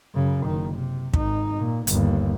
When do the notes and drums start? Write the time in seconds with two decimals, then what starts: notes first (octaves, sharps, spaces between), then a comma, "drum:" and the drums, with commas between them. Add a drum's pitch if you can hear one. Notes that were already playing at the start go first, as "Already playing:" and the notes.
0.15 F#2 C#3
0.46 F#1 D#3
0.74 C3
1.14 G#1 D#4, drum: kick
1.58 A#2
1.87 G1 D#2, drum: hi-hat